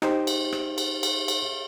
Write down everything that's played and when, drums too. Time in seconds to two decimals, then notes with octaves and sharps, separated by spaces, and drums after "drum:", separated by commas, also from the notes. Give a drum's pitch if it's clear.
0.02 D#4 G4 C5, drum: rim click
0.27 drum: cymbal
0.52 drum: rim click
0.78 drum: cymbal
1.03 drum: cymbal
1.28 drum: cymbal